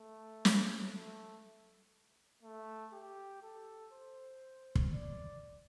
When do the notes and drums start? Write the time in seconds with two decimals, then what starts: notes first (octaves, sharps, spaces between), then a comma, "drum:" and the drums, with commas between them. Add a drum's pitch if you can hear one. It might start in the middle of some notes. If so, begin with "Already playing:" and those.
Already playing: A3
0.45 drum: snare
0.92 A3
2.43 A3
2.93 G4
3.43 A4
3.93 C5
4.75 drum: kick
4.94 D5